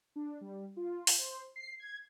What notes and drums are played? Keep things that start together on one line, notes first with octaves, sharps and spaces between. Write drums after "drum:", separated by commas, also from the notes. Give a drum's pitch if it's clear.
D4
G3
F4
drum: open hi-hat
C5
C7
G#6